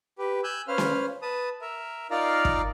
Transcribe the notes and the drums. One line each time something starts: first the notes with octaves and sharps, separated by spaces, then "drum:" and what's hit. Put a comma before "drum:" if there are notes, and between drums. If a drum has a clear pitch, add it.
G4 B4
G#5 E6 F#6 G6
C#4 B4 C5 F5 F6
drum: snare C#4
B4 A5 D#6
A#4 E5
D#4 F4 A#4 D5 F5 A#5
drum: kick